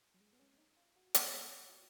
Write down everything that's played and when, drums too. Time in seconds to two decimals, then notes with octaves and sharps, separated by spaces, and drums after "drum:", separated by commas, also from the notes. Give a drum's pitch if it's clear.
0.14 F#3
0.20 G#3
0.33 B3
0.39 C#4
0.58 D#4
0.77 F4
0.96 F#4
1.14 drum: hi-hat
1.69 F4
1.73 F#4